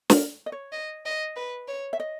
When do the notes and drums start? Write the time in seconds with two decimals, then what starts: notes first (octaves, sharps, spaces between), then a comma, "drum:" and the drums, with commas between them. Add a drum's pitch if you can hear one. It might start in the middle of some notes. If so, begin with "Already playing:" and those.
0.10 A#4, drum: snare
0.46 D#5
0.52 C#5
0.72 D#5
1.05 D#5
1.36 B4
1.68 C#5
1.93 E5
2.00 D#5